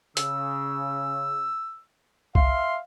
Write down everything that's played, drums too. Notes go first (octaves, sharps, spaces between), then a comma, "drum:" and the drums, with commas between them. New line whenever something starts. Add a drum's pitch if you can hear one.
C#3 E6, drum: hi-hat
E5 F5 C6, drum: kick C2